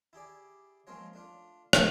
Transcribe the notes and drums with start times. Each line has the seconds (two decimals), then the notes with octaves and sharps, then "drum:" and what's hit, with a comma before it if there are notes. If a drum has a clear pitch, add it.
0.13 E4 G4 G#4 D5
0.87 F3 G#3 A#3 C4 F4 C#5
1.13 A3 D4 F4
1.73 drum: rim click